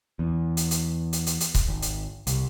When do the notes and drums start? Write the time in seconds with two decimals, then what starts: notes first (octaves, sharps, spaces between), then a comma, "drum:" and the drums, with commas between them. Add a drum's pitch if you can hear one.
0.19 E2
0.57 drum: hi-hat
0.71 drum: hi-hat
1.13 drum: hi-hat
1.27 drum: hi-hat
1.41 drum: hi-hat
1.55 drum: kick C#1, hi-hat
1.68 G#1
1.82 drum: hi-hat
2.27 C2, drum: hi-hat